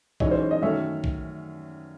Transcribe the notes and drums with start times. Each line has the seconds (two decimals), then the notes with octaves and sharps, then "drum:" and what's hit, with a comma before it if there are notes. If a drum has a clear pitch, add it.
0.20 F#2 E3 G#3 D#4 C#5, drum: kick
0.31 C5
0.41 C#5
0.51 D#5
0.62 F#2 D#3 A3 C#4 E5
1.04 drum: kick